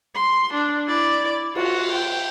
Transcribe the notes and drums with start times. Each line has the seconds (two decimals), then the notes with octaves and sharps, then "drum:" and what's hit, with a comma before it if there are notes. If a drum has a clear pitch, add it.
0.15 C6
0.54 D4
0.88 E4 D5
1.55 F4 F#4, drum: cymbal
1.93 G5